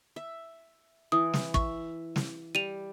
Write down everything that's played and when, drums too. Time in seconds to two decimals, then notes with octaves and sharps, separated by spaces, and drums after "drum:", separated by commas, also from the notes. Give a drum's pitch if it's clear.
0.16 E5
1.12 E3 D#6
1.34 drum: snare
1.54 E5 C#6, drum: kick
2.16 drum: snare
2.55 G3 D#7 F7